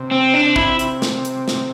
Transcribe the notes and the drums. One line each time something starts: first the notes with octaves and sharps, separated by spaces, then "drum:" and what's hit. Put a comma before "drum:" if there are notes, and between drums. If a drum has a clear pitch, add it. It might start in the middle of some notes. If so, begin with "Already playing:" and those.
Already playing: C3
C4
D4
E4, drum: kick
drum: hi-hat
drum: snare
drum: hi-hat
drum: snare